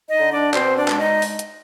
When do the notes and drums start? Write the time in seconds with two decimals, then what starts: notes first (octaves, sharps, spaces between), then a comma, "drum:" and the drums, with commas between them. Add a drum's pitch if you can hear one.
0.09 D#4 D#5
0.21 D3
0.32 D4 D5
0.54 B2 C4 C5, drum: clap
0.76 D4 D5
0.88 G#3, drum: clap
0.99 D#4 D#5
1.22 drum: open hi-hat
1.39 drum: hi-hat